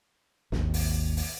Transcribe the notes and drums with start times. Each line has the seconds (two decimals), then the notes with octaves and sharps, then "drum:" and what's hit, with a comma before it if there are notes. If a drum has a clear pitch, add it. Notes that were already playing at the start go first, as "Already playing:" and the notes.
0.52 G#1 D#2, drum: snare
0.74 drum: open hi-hat
1.17 drum: open hi-hat